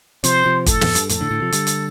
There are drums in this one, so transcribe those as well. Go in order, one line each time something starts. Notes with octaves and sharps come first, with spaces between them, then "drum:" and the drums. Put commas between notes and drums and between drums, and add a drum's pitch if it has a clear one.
C3 F3 C5, drum: hi-hat
C3 F3
F2 A2 A4, drum: kick, hi-hat
F2, drum: snare
G2, drum: hi-hat
F2 A2 A4, drum: hi-hat
A2 D3
A2 D3
C3 F3
D3 G3, drum: hi-hat
drum: hi-hat